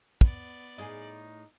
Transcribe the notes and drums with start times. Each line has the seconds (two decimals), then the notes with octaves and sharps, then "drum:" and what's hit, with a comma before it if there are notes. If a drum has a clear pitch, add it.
0.21 B3 D5, drum: kick
0.78 A2 D#4 G#4 D#5